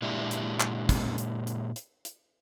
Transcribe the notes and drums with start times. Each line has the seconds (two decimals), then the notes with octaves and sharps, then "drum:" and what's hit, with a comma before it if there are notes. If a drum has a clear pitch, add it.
0.02 A#2 G#3 D4 E4 G4
0.31 drum: hi-hat
0.60 drum: clap
0.89 drum: kick, hi-hat
1.18 drum: hi-hat
1.47 drum: hi-hat
1.76 drum: hi-hat
2.05 drum: hi-hat